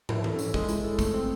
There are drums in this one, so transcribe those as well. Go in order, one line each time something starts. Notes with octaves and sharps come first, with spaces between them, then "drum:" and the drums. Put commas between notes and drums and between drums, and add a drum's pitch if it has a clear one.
E4, drum: tom
A4, drum: tom
C#4, drum: tambourine
G#3, drum: kick
E4, drum: tambourine
A4
A3, drum: kick, tambourine
C4